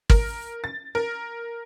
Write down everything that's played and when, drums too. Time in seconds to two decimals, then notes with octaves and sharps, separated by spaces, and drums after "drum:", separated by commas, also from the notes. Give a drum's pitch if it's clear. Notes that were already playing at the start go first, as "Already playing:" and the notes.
0.10 A#4, drum: kick G#1
0.64 A6
0.95 A#4